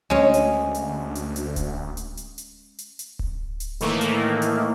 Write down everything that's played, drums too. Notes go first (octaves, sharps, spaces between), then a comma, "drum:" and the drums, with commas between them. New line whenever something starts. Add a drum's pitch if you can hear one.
D2 G#3 C#4
drum: hi-hat
drum: hi-hat
drum: hi-hat
drum: hi-hat
drum: kick D1, hi-hat
drum: hi-hat
drum: hi-hat
drum: hi-hat
drum: hi-hat
drum: hi-hat
drum: kick D1
drum: hi-hat
A2 D#3 E3 A3 A#3, drum: hi-hat
drum: hi-hat
drum: hi-hat